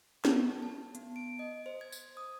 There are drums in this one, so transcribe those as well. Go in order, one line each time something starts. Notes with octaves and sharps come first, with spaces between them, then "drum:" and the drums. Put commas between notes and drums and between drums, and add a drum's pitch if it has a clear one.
A5, drum: snare
A5
B3, drum: hi-hat
D7
D#5
C5
G#6
G#6, drum: tambourine
D#6